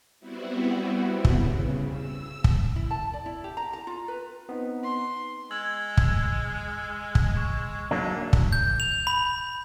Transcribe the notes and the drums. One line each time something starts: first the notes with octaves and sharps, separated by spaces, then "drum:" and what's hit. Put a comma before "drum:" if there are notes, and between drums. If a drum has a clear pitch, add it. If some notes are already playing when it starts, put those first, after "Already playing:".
G3 B3 C4 E4 F#4
C#3, drum: kick
E6
drum: kick
E4
A5
D5
E4
G4
A#5
A#5
F4
B4
B3 C4 D#4
C6
G#3 E6 G#6 F#7
drum: kick
drum: kick
C#6
G#2 F#3 A#3 D4
drum: kick
G6
F7
B5